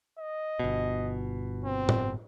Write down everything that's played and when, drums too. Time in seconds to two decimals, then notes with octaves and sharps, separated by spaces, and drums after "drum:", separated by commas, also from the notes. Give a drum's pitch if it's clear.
0.19 D#5
0.59 G1 B2
1.65 C4
1.89 drum: tom A2